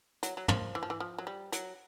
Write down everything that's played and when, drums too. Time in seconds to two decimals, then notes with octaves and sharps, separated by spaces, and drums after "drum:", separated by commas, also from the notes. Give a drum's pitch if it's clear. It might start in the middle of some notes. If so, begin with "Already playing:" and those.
0.23 F#3, drum: hi-hat
0.37 F#3
0.48 F3, drum: tom
0.75 E3
0.83 F3
0.90 E3
1.00 F3
1.18 F#3
1.27 G3
1.52 F#3, drum: hi-hat